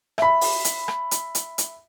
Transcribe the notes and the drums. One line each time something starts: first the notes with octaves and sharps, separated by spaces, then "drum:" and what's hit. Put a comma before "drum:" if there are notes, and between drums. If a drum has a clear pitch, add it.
E5 B5, drum: rim click
drum: open hi-hat
drum: hi-hat
drum: rim click
drum: hi-hat
drum: hi-hat
drum: hi-hat